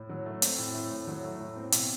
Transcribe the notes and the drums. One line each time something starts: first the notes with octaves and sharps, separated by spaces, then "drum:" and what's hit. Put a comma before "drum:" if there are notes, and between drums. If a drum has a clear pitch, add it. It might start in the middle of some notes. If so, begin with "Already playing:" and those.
Already playing: A2
F#3
A3
C4, drum: hi-hat
A2
A3
A2
F#3
A3
A2
C4
B2, drum: hi-hat